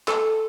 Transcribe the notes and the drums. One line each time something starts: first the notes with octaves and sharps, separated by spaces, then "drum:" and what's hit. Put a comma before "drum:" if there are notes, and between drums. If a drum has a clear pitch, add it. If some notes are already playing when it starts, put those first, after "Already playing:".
A4, drum: clap